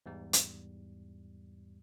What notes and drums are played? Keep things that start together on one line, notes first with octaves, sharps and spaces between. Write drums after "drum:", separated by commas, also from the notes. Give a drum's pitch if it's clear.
E2 G#2 G3
drum: hi-hat